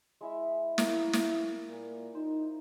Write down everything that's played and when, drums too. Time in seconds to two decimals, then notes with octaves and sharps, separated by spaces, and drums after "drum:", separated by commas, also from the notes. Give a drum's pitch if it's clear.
0.21 G#3 E4 E5
0.78 A#3 E4, drum: snare
1.13 drum: snare
1.68 A#2
2.15 D#4 C5